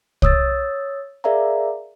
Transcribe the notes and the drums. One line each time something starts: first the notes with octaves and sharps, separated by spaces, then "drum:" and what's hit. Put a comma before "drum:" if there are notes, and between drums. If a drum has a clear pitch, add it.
C#5 D#6 E6 A6, drum: kick C2
G#4 A#4 D5 E5 F5 A#5